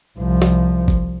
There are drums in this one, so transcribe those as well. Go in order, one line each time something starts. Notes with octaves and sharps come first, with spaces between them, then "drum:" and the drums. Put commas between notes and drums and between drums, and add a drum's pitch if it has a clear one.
C2 F3
drum: snare
drum: kick G#1